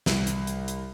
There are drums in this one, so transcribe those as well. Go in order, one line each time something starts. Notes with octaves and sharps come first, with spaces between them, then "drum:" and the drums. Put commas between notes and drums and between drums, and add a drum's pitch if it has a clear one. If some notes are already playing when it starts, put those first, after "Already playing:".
C2, drum: snare
drum: hi-hat
drum: hi-hat
drum: hi-hat